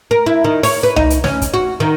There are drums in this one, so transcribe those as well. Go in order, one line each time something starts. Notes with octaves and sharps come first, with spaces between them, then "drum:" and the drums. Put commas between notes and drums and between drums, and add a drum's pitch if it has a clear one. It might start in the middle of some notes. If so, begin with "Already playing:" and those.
A#4
E4
D#3
C#5, drum: open hi-hat
B4
D#4, drum: tom C2
drum: hi-hat
C#4, drum: snare
drum: kick, hi-hat
F#4
D#3